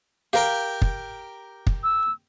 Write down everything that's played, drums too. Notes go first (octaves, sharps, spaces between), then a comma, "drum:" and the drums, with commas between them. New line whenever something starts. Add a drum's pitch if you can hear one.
G4 A#4 F5 G5
drum: kick
drum: kick
E6